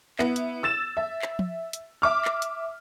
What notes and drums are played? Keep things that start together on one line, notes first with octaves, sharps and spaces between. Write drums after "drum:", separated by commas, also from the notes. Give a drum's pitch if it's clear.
B3 E4, drum: clap
drum: hi-hat
E6 A6 E7
E5
drum: clap
drum: tom F3
drum: hi-hat
E5 D6 F6
drum: clap
drum: hi-hat